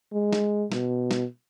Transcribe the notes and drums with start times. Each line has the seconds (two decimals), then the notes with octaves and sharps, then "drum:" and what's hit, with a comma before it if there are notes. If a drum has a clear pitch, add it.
0.13 G#3
0.33 drum: snare
0.72 B2, drum: snare
1.11 drum: snare